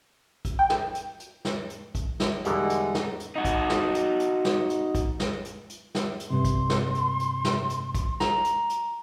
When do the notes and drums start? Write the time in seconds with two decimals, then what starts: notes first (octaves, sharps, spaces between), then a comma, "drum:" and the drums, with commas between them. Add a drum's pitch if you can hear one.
0.45 drum: kick, hi-hat
0.59 G5
0.70 drum: snare
0.95 drum: hi-hat
1.20 drum: hi-hat
1.45 drum: snare
1.70 drum: hi-hat
1.95 drum: kick, hi-hat
2.20 drum: snare
2.45 E2 B2 D3 G3 G#3 D#4 A#4 F#5, drum: hi-hat
2.70 drum: hi-hat
2.95 drum: snare
3.20 drum: hi-hat
3.35 D#4 F#4
3.45 drum: kick, hi-hat
3.70 drum: snare
3.95 drum: hi-hat
4.20 drum: hi-hat
4.45 drum: snare
4.70 drum: hi-hat
4.95 drum: kick, hi-hat
5.20 drum: snare
5.45 drum: hi-hat
5.70 drum: hi-hat
5.95 drum: snare
6.20 drum: hi-hat
6.30 G2 C3 C6
6.45 drum: kick, hi-hat
6.70 drum: snare
6.95 drum: hi-hat
7.20 drum: hi-hat
7.45 drum: snare
7.70 drum: hi-hat
7.95 drum: kick, hi-hat
8.20 A#5, drum: snare
8.45 drum: hi-hat
8.70 drum: hi-hat